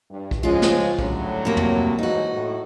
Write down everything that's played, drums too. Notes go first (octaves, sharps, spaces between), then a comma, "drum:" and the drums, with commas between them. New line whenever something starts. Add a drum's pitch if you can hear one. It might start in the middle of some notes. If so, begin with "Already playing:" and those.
G2
drum: kick
C#3 F3 G#3 C#4 F4
drum: snare
A2 D3 F#3 G3, drum: kick
C3 A#3
drum: tom
G#2 E3 A#3 D#4 F#4
A2